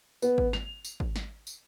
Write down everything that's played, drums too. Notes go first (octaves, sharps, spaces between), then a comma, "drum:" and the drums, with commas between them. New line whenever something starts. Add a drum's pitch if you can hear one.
B3, drum: tambourine
drum: kick G#1
F7, drum: snare
drum: tambourine
drum: kick G#1
drum: snare
drum: tambourine